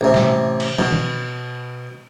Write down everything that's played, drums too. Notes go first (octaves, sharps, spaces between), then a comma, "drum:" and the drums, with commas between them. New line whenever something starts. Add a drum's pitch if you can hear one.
A1 C3
drum: snare
drum: cymbal
B2, drum: tom
drum: tom D#3